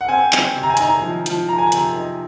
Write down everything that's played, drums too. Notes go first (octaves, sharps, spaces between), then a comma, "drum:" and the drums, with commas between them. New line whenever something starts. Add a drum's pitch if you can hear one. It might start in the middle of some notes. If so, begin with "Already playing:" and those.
F#5
C4 G#5
C4, drum: clap
C3
A#5
G#5
D#4 A#5, drum: hi-hat
F3
F3, drum: hi-hat
F3 A#5
G#5
A#5
C3, drum: hi-hat
D#4